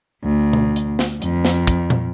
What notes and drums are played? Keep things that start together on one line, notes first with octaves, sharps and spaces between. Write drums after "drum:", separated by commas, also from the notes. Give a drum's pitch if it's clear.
D2
drum: tom B2
drum: hi-hat
drum: snare
F2, drum: hi-hat
drum: snare
drum: kick, hi-hat
drum: tom A#2